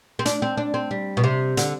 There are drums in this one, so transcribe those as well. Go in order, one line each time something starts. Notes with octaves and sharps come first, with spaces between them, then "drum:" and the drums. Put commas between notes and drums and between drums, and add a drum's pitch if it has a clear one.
C4
D4, drum: hi-hat
C4
D4
C4
G3
B2
C3
D3, drum: hi-hat